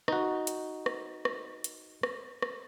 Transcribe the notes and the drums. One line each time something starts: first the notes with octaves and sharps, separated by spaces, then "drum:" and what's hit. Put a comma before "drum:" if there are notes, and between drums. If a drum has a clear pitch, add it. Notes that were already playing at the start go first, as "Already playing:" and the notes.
D#4 F#4, drum: rim click
drum: hi-hat
drum: rim click
drum: rim click
drum: hi-hat
drum: rim click
drum: rim click